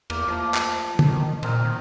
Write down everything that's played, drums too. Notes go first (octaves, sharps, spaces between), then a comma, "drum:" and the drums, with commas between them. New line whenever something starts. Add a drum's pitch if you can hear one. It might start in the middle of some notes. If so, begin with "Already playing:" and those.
E2 A#3, drum: cymbal
F3 A3 D6
drum: clap
drum: tom
D#3
A#2 C4 D#4 A#4, drum: cymbal
D#3